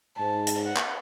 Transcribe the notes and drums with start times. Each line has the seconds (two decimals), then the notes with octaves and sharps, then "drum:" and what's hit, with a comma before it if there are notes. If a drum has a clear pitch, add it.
0.17 G#2 A5
0.47 drum: hi-hat
0.66 F#5
0.77 drum: clap